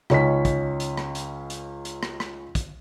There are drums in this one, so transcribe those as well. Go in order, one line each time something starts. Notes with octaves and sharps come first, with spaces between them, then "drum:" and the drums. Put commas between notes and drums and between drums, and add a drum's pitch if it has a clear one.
C#2 C#4 D#4 B6, drum: rim click
drum: kick, hi-hat
drum: hi-hat
drum: rim click
drum: hi-hat
drum: hi-hat
drum: hi-hat
drum: rim click
drum: rim click
drum: kick, hi-hat